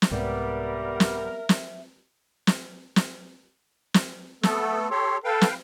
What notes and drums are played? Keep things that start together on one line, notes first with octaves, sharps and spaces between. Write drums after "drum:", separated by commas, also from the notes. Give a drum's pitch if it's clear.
drum: snare
C2 G#2 C3 G3 B3 A#4 E5
drum: snare
drum: snare
drum: snare
drum: snare
drum: snare
A3 B3 A4, drum: snare
G4 A4 C#5 C6
A4 B4 F5 G5
drum: snare